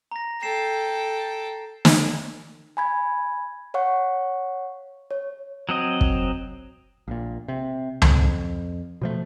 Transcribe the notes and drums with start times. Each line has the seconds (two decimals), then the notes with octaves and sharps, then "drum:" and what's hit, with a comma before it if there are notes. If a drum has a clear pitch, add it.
0.11 A#5 A#6
0.43 A4 G5 C7 E7
1.85 drum: snare
2.77 G#5 B5 G#6
3.74 C#5 F5 F#5 C#6
5.11 C#5
5.69 F#3 C4 D#5
6.01 drum: kick
7.08 A#1 A#2
7.48 C3
8.02 F2, drum: tom C#2
9.02 B2 F3 A3